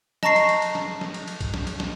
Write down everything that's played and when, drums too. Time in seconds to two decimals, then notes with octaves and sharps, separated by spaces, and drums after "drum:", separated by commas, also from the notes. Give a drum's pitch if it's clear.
0.23 D#5 A5 A#5 C#6 A#6 C7, drum: snare
0.36 drum: cymbal
0.49 drum: cymbal
0.62 drum: cymbal
0.75 drum: snare
1.01 drum: snare
1.14 drum: cymbal
1.27 drum: cymbal
1.41 drum: kick, cymbal
1.54 drum: snare
1.67 drum: cymbal
1.80 drum: snare